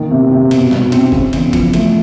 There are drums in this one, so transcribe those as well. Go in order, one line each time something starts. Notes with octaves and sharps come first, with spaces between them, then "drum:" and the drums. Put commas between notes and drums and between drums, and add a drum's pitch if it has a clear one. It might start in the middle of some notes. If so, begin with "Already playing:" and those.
Already playing: A#2 D#3
C3
C3
B2, drum: cymbal
B2, drum: snare
C4, drum: cymbal
C#3, drum: kick F#1
E2, drum: cymbal
F3, drum: kick F#1, cymbal
A3, drum: cymbal